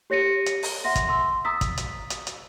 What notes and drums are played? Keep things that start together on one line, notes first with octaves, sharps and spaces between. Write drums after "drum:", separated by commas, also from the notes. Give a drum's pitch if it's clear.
G4 C#5 A#6 C#7 D#7
drum: hi-hat
drum: open hi-hat
E5 F#5 C6 A#6
drum: kick, hi-hat
C6 E6
A#5 D#6 E6 A6 B6
drum: kick, hi-hat
drum: hi-hat
drum: hi-hat
drum: hi-hat